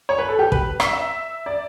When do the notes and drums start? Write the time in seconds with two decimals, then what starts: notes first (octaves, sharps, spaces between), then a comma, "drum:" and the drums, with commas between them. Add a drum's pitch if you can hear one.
0.09 C#5
0.19 B4
0.29 A4
0.39 G4
0.52 B4, drum: kick
0.80 E5, drum: rim click
0.93 E5
1.46 D5